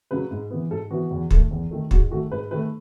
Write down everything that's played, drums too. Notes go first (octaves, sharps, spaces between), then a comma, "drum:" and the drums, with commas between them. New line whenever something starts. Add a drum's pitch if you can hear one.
C#3 F#3 B4
G#2
E3 B3
G#2 A4
E3 B3 F#4
E2
D#3 A3, drum: kick
E2
D#3 A3
G#2 F#4, drum: kick
D#3 A3 F#4
G#2 B4
D#3 A3 B4